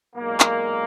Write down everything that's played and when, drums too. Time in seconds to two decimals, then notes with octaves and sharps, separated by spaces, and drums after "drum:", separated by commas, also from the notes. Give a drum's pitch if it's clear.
0.16 B1 A#2 G#3 A#3
0.40 drum: clap